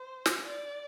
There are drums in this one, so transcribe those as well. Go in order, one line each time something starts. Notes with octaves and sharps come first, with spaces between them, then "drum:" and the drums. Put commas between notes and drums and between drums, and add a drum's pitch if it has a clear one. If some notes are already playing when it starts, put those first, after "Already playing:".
Already playing: C5
drum: snare
D5